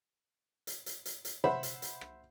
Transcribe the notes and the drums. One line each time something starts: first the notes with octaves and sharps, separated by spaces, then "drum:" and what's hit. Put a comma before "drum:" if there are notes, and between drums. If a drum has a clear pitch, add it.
drum: hi-hat
drum: hi-hat
drum: hi-hat
drum: hi-hat
C5 E5 F#5 B5, drum: tom C3
drum: hi-hat
drum: hi-hat
drum: rim click